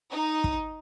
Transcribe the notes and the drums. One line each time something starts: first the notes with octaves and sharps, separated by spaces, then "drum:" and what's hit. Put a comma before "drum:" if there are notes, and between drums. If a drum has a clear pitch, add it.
D#4
drum: kick